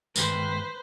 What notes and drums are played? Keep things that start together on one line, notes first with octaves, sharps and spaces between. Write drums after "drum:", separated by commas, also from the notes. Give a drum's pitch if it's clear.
G2 D#3 G#3 B4 C5, drum: tambourine